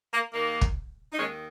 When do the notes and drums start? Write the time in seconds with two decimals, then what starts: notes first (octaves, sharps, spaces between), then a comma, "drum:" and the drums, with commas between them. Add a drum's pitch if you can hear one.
0.11 A#3
0.33 D#2 D#3 A#3
0.61 drum: kick
1.13 D#4
1.18 D#2 D#3 G#3 C#4